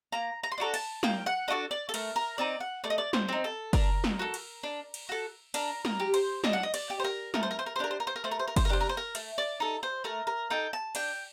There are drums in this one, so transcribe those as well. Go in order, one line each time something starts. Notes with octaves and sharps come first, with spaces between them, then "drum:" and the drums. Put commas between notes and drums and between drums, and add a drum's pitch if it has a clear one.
A#3 A#5
A#5
C6
D4 F#4 A4 A#5
A5, drum: cymbal
A#3 G5, drum: snare
F#5
D4 F#4 A4 D#5
D5
A4
A3 A#4, drum: cymbal
A#4
C4 D#4 D5
F#5
A3 D5
D#5
D5
C5, drum: snare
C4 D#4
A4
D4 A#4, drum: kick, cymbal
drum: snare
F#4 A4
drum: cymbal
D4
drum: cymbal
F#4 A4
D4 A#4, drum: cymbal
A#4, drum: snare
G4
C5, drum: cymbal
D4 D#5, drum: snare
F#5
D#5
D5, drum: cymbal
G4
C5
A#4
A3 A#4, drum: snare
C5
A#4
C5
A#4
C5
D4 G4 A#4
C5
A#4
C5
A#4
A3 C5
A#4
C5
A#4
C5, drum: kick, cymbal
A#4
D4 G4 C5
A#4
C5
A#4
A3, drum: cymbal
D5
D#4 A4
C5
A3 A#4
A#4
D#4 A4 G5
A5
D4 G5, drum: cymbal